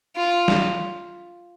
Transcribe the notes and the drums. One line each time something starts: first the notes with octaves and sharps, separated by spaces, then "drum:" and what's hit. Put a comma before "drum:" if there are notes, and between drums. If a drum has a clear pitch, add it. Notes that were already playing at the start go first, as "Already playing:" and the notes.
F4
drum: snare